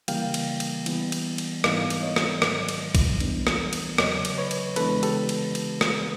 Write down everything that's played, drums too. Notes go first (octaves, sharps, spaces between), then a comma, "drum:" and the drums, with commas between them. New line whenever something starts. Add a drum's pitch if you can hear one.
C#3 E3 G3 A#3 F5 G5, drum: cymbal
drum: cymbal
drum: cymbal
E3 G3 B3, drum: cymbal
drum: cymbal
drum: cymbal
G#2 E3 G3 B3 D#4 D#5 F5, drum: rim click
drum: cymbal
C#5 D#5
drum: rim click
G#2 D#3 F#3, drum: rim click
drum: cymbal
drum: kick B1, cymbal
E3 G3 B3 D4, drum: cymbal
drum: rim click
drum: cymbal
E2 C#3 F#3 C#5 D#5, drum: rim click
drum: cymbal
B4 C#5
drum: cymbal
C#3 E3 G#3 B3 D4 A4 B4, drum: cymbal
G4 A4, drum: cymbal
drum: cymbal
drum: cymbal
drum: rim click